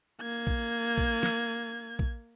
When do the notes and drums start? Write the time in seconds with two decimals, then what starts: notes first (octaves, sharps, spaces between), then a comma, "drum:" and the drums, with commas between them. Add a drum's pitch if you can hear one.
0.21 A#3 G#6
0.47 drum: kick
0.98 drum: kick
1.23 drum: snare
1.99 drum: kick